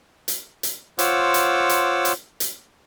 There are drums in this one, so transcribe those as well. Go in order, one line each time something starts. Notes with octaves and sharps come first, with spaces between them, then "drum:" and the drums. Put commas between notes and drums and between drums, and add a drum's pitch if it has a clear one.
drum: hi-hat
drum: hi-hat
F4 C5 C#5 F#5 D6 E6, drum: hi-hat
drum: hi-hat
drum: hi-hat
drum: hi-hat
drum: hi-hat